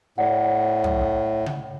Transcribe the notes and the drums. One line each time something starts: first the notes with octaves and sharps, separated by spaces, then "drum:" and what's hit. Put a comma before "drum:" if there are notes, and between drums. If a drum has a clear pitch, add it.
A2 C#5 D5 F#5
drum: tom
drum: tom C#3